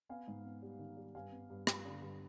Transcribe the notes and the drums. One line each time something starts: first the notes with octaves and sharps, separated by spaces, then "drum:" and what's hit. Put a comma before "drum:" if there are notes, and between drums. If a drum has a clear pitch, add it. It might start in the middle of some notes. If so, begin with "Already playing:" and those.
B3 F5 G#5
G#2
B3
G3
D#3
G3
G2 F5 G#5
B3
G2
G2, drum: rim click
D3
G2